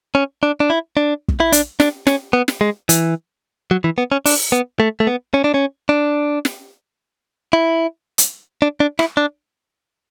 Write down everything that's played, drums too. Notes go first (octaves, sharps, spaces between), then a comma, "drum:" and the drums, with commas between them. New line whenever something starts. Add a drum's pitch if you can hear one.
C#4
D4
D4
E4
D4
drum: kick
E4
D4, drum: hi-hat
D4, drum: snare
C#4, drum: snare
B3
drum: snare
G#3
E3, drum: hi-hat
F#3
E3
B3
C#4
D4, drum: open hi-hat
B3
A3
A3
B3
C#4
D4
C#4
D4
drum: snare
E4
drum: hi-hat
D4
D4
E4, drum: rim click
D4